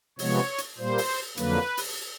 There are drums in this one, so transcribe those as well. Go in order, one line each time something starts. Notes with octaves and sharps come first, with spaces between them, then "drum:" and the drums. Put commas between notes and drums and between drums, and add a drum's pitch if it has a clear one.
C3 F3 G#3 B3 C#5, drum: open hi-hat
drum: hi-hat
A#2 G3 A#3 C5
drum: open hi-hat
F2 D3 F#3 A#3 B4, drum: hi-hat
drum: open hi-hat